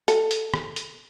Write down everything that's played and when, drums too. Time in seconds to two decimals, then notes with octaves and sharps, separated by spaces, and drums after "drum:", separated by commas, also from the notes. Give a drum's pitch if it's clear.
0.08 A4, drum: hi-hat
0.31 drum: hi-hat
0.54 drum: rim click
0.76 drum: hi-hat